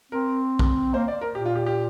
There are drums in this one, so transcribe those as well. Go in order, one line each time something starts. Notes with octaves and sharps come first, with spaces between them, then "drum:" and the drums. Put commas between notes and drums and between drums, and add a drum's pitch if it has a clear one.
C4 A#4
drum: kick A#1
A#3 C5
D5
A#4
A#2 G4
F4
G4
G4